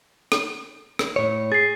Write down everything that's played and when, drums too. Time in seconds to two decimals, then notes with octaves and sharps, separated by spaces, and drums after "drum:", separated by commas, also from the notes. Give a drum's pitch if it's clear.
0.32 drum: rim click
0.99 drum: rim click
1.16 A2 C#5
1.52 G#4 A6 C7